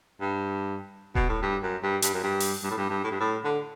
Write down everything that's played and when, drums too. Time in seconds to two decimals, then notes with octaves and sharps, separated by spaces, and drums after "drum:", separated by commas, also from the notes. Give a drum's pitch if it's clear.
0.21 G2
1.15 B2, drum: kick D#1
1.29 A2
1.42 G2
1.63 F#2
1.83 G2
2.02 G2, drum: hi-hat
2.14 F#2
2.23 G2
2.40 drum: open hi-hat
2.64 G2
2.71 A2
2.77 G2
2.90 G2
3.03 A2
3.11 G2
3.20 A2
3.44 D3